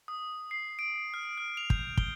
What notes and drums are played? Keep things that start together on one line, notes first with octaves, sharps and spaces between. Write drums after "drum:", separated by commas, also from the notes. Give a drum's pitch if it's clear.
D#6
C7
D7
F6
F6
F7
G6, drum: kick
G7, drum: kick